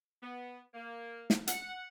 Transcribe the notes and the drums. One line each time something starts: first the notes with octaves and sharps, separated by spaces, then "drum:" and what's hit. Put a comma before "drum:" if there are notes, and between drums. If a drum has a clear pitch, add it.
B3
A#3
drum: snare
F#5, drum: hi-hat